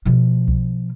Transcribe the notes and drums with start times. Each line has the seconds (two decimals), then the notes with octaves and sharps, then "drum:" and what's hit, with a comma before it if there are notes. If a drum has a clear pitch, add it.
0.05 B2 F3
0.48 drum: kick B1